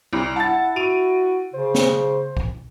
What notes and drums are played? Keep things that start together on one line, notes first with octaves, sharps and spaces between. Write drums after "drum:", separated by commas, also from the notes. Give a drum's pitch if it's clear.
C2
E4 F#5 A5 A6
F#4 D7 D#7 F7
C#3 C5
drum: snare
drum: kick